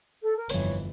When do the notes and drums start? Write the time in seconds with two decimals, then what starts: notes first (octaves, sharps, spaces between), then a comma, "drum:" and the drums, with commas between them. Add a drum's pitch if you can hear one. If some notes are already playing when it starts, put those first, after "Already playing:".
0.22 A4
0.36 A#4
0.49 G1 F2 E3 C#5, drum: hi-hat